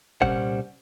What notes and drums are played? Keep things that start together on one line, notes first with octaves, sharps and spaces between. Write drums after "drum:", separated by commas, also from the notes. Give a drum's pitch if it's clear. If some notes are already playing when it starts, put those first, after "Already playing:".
C2 A#2 G3 C#4 C5 F#5, drum: kick